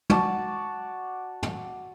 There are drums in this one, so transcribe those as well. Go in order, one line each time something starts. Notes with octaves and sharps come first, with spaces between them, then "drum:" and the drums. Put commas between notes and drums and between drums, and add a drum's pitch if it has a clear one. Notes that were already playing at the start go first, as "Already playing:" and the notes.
F#4 D5 A5, drum: tom
drum: tom